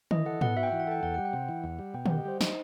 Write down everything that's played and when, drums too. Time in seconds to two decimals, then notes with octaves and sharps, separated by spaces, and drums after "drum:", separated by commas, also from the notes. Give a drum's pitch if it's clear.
0.11 E3 D#5, drum: tom D3
0.26 A4 F#5
0.41 B3 F#5, drum: tom G#2
0.57 F#4 E5
0.63 G5
0.68 F#5
0.72 E3
0.80 F#5
0.87 A4 G5
1.03 E2 F#5
1.14 G3 F#5
1.25 G5
1.33 C3 F#5
1.48 E3
1.64 E2
1.79 G3
1.94 B2 G5
2.06 G4 F#5, drum: tom D3
2.18 D#5
2.25 G3 C5
2.41 D#4, drum: snare